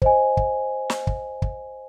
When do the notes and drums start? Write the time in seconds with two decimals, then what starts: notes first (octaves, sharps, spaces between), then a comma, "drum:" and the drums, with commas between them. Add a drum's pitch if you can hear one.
0.02 C5 D#5 G#5, drum: kick
0.37 drum: kick
0.90 drum: snare
1.07 drum: kick
1.42 drum: kick